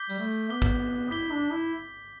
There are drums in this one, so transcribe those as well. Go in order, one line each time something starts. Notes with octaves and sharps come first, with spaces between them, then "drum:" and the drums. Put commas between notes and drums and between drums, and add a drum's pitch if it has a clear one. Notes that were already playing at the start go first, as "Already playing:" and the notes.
Already playing: D6 G6 B6 G7
G3, drum: tambourine
A3
B3 D6 G6 B6 G7
drum: kick
E4 D6 G6 B6 G7
D4
E4